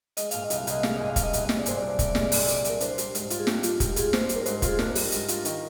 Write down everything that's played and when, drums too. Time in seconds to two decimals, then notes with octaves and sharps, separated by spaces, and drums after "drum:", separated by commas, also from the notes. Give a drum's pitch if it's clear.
0.17 G#3 D#5, drum: hi-hat
0.31 A#2 F5, drum: hi-hat
0.44 D#5
0.50 C2, drum: hi-hat
0.57 F5
0.67 C2 D#5, drum: hi-hat
0.83 G#3 F5, drum: snare
0.96 A#2 D#5
1.10 F5
1.16 C2, drum: kick, hi-hat
1.23 D#5
1.33 C2, drum: hi-hat
1.49 G#3 D#5, drum: snare
1.59 D5
1.66 A#2 C5, drum: hi-hat
1.77 C2 D5
1.99 C2, drum: kick, hi-hat
2.15 G#3, drum: snare
2.32 A#2, drum: open hi-hat
2.48 C2, drum: hi-hat
2.65 C2 A#4, drum: hi-hat
2.80 D4 C5, drum: hi-hat
2.98 G3, drum: hi-hat
3.15 G#2, drum: hi-hat
3.30 F4, drum: hi-hat
3.39 G#4
3.47 D4 G4, drum: snare
3.63 G3 F4, drum: hi-hat
3.80 G#2 G4, drum: kick, hi-hat
3.96 F4 G#4, drum: hi-hat
4.13 D4 C5, drum: snare
4.29 G3, drum: hi-hat
4.36 A#4
4.46 G#2 C5, drum: hi-hat
4.62 F4, drum: kick, hi-hat
4.68 G#4
4.79 D4 A#4, drum: snare
4.95 G3, drum: open hi-hat
5.12 G#2, drum: hi-hat
5.28 F4, drum: hi-hat
5.45 D#3, drum: hi-hat